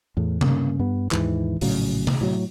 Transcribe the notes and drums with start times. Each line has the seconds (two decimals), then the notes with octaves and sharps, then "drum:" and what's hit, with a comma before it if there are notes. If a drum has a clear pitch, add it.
0.17 E2 A2
0.41 G2 C#3 A#3, drum: tom C3
0.79 G2 B3
1.11 D#2 G#2 D#3 E3, drum: clap
1.61 A#1 A2 C#3 F#3, drum: open hi-hat
2.07 drum: tom C3
2.21 A2 F#3